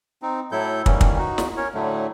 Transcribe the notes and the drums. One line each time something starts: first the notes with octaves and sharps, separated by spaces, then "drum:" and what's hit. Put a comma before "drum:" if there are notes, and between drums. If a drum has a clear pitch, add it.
C4 D#4
A2 F#3 E4 A4 G6
D#3 E3 G3 A#3 C#4, drum: kick
drum: kick
D#4 F#4
drum: snare
C#4 A#4 C#5
A2 D3 F#3 A3